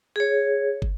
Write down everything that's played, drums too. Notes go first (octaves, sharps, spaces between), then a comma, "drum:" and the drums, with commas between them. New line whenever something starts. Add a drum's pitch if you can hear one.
G#4 C#5
drum: kick